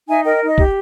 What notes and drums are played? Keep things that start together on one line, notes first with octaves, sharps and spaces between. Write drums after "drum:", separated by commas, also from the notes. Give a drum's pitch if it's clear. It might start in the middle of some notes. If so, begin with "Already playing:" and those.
D#4 E5 G#5
A#4 D#5 G5
D#4
D#5
G4, drum: kick